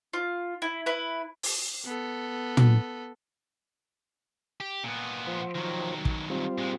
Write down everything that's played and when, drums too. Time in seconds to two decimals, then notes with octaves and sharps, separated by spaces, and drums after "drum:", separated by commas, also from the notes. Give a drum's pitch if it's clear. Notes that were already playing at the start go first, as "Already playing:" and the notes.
0.13 F4
0.62 E4
0.86 E4 B4
1.43 drum: open hi-hat
1.85 B3 A4
2.57 drum: tom
4.61 G4
4.84 A#2 B3
5.27 F3 C5
5.55 D#3 F#3
6.05 drum: kick
6.30 G3 C4 F4
6.58 A#2 G#3